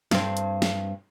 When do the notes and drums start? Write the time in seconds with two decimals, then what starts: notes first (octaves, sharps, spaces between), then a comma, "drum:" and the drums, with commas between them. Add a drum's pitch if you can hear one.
0.11 G2 C4, drum: snare
0.37 drum: hi-hat
0.62 drum: snare